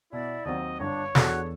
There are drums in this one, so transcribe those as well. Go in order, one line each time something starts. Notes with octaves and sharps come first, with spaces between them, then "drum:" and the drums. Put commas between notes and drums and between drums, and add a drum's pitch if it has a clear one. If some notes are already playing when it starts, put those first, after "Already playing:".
B2 E4 D5
D#2 F#3 C4 D#5
G1 D4 C#5
E2 D4 F#4 G#4 A4, drum: snare